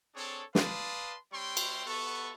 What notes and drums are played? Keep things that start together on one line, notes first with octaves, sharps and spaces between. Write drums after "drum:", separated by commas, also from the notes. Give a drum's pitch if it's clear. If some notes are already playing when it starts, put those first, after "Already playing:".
C4 D4 G#4 A4 C#5
B4 D5 F5 A5 C6 D#6, drum: snare
G3 C4 C#5 G5 C6
drum: cymbal
B3 A4 C#6